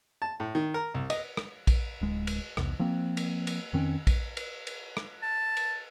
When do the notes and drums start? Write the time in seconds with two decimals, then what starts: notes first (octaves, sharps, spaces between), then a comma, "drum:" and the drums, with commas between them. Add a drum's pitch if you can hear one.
0.22 A5
0.40 A2
0.55 D#3
0.74 A#4
0.94 C2
1.10 D#5, drum: cymbal
1.37 drum: rim click
1.67 drum: kick A#1, cymbal
2.01 D1 G#3
2.27 drum: cymbal
2.57 B1 E2 C3, drum: rim click
2.79 F3 A#3 C4
3.17 drum: cymbal
3.47 drum: cymbal
3.73 F2 D#3 C4 C#4
4.07 drum: kick A#1, cymbal
4.37 drum: cymbal
4.67 drum: cymbal
4.97 drum: rim click
5.23 A5
5.57 drum: cymbal